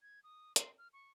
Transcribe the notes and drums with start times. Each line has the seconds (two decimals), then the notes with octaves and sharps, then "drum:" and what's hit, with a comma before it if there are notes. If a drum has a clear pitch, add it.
0.02 G#6
0.24 D#6
0.56 C6, drum: hi-hat
0.78 F6
0.93 C#6